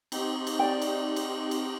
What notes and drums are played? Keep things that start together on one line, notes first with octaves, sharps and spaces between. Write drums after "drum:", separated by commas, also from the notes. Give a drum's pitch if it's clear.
C4 D#4 G4, drum: cymbal
drum: cymbal
D5 G5
drum: cymbal
drum: cymbal
drum: cymbal